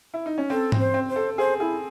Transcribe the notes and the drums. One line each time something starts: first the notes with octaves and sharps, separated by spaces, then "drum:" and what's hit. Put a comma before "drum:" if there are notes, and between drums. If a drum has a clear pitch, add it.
E4
D#4
C#4
C4 A4
C4, drum: tom G#2
C5
C4
C5
A4
G#4 C5
E4 G#4